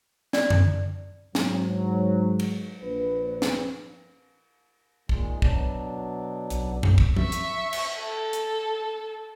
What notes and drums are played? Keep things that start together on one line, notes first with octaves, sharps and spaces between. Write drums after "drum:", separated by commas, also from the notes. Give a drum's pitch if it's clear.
D5, drum: snare
drum: tom F#2
G#2 F#3, drum: snare
drum: cymbal
A#1 B4
drum: snare
A#2 D#3 G#3, drum: kick
B2 F#3 D4, drum: kick
B1, drum: hi-hat
drum: tom F#2
drum: kick
E5 C#6, drum: tom F3
drum: hi-hat
drum: cymbal
A4
drum: hi-hat